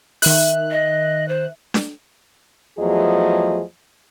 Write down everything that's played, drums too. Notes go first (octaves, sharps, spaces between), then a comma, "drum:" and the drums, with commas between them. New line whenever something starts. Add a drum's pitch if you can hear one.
D#3 E5 F#6, drum: open hi-hat
D#5
C5
drum: snare D4
E2 F3 F#3 A3 G#4 D#5